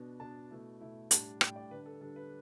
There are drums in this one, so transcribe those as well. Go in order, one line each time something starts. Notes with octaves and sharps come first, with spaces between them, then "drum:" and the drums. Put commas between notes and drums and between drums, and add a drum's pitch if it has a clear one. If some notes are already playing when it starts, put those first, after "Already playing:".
Already playing: B2 B3 D4
B2 B3 D4 A5
B2 A3 E4
B2 A3 E4
A2 G3 D4 A5, drum: hi-hat
A2 G3 D4 G5, drum: rim click
D5
D3 G3 D4 B4
A4
D3 G3 D4 A4
B4